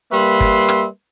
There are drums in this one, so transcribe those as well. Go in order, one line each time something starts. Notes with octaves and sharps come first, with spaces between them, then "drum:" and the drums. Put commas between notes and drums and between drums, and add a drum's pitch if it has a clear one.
G3 A#3 B4 E5 B5 C6
drum: kick G1
drum: rim click